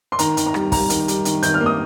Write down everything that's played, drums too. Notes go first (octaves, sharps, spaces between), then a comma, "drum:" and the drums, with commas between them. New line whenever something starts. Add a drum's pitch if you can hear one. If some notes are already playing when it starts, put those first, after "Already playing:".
C6
D#3 A#5, drum: hi-hat
D#3, drum: hi-hat
A#5
G3, drum: rim click
G3 A#5, drum: kick, open hi-hat
D#3, drum: hi-hat
G3, drum: hi-hat
D#3, drum: hi-hat
D#3 G6, drum: hi-hat
F6
A#3
D#6